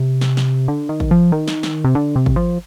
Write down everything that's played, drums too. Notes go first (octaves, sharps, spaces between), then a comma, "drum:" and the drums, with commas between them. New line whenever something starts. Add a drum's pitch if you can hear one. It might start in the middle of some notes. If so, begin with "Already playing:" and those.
Already playing: C3
drum: snare
drum: snare
D3
D#3
drum: kick G#1
F3
D#3
drum: snare
drum: snare
C3
D3
C3
drum: kick G#1
F3